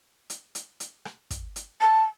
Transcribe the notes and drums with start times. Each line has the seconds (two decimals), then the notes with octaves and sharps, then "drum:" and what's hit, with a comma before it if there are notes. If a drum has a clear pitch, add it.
0.30 drum: hi-hat
0.55 drum: hi-hat
0.80 drum: hi-hat
1.05 drum: rim click
1.31 drum: kick, hi-hat
1.56 drum: hi-hat
1.81 A5